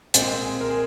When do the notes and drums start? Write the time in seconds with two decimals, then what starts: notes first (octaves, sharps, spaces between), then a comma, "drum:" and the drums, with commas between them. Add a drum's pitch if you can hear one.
0.14 A#2 G#3 C4, drum: hi-hat
0.41 G#4
0.61 A#4
0.70 G#4